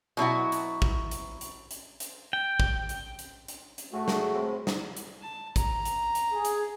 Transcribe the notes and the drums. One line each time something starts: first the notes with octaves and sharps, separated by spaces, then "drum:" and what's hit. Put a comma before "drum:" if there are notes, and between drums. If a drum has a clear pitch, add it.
B2 F#3 E4 F#4
drum: hi-hat
drum: kick
drum: hi-hat
drum: hi-hat
drum: hi-hat
drum: hi-hat
G5
drum: kick
drum: hi-hat
drum: hi-hat
drum: hi-hat
drum: hi-hat
A2 A3 F#4 G#4
drum: snare
C3 B5 C6
drum: snare
drum: hi-hat
A5
A#5, drum: kick, hi-hat
drum: hi-hat
drum: hi-hat
G#4
drum: hi-hat